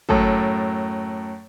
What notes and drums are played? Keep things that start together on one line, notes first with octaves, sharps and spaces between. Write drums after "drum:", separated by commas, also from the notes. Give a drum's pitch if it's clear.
F#2 A2 A4, drum: kick